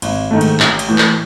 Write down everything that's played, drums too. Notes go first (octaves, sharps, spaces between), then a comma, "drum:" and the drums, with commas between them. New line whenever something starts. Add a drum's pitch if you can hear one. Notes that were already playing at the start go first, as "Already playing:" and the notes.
G#1, drum: cymbal
G#2 D#3 A3
drum: cymbal
A1, drum: clap
drum: cymbal
A2 E3
drum: clap